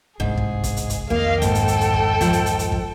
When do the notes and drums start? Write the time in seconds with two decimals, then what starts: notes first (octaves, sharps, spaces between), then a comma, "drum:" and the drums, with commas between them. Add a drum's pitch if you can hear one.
0.20 G1 C2 G#2 G#4
0.37 drum: kick
0.64 drum: kick, hi-hat
0.77 drum: hi-hat
0.90 drum: hi-hat
1.10 C2 F2 D#3 A#3 D#5 F5
1.42 G#2 A4 G5, drum: kick, hi-hat
1.55 drum: hi-hat
1.68 drum: hi-hat
1.81 drum: hi-hat
1.94 drum: kick
2.21 G#2 F3, drum: kick, hi-hat
2.33 drum: hi-hat
2.46 drum: hi-hat
2.59 drum: hi-hat
2.72 drum: kick